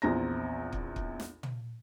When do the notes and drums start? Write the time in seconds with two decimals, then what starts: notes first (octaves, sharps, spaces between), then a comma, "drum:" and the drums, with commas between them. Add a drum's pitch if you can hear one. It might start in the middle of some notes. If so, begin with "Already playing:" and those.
0.02 A#1 E2 C4 A#5 A#6
0.73 drum: kick
0.96 drum: kick
1.20 drum: snare
1.43 drum: tom